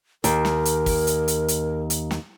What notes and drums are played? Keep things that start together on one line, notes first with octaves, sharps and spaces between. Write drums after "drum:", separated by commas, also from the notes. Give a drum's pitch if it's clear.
D#2 A#4, drum: hi-hat
drum: snare
drum: hi-hat
drum: kick, open hi-hat
drum: hi-hat
drum: hi-hat
drum: hi-hat
drum: hi-hat
drum: snare